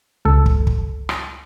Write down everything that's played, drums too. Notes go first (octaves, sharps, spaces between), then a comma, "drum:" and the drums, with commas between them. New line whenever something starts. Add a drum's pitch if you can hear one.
C#2 A4
drum: kick
drum: kick
drum: rim click